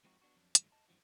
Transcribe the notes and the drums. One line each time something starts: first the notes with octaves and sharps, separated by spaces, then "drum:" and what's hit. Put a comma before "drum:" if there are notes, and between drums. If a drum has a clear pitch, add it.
F3 G#3 C4 D#4 F#4
B3 D4 F#4
F2 F#3 D4
G2 D#3 F#3 A3, drum: hi-hat
D#5 A5
G2 E3 F3 C4 D4 F#4